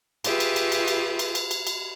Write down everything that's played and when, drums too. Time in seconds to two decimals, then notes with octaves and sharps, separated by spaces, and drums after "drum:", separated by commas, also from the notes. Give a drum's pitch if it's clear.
0.24 F4 G4 G#4 B4 E5, drum: cymbal
0.40 drum: cymbal
0.56 drum: cymbal
0.72 drum: cymbal
0.88 drum: cymbal
1.19 drum: cymbal
1.35 drum: cymbal
1.51 drum: cymbal
1.67 drum: cymbal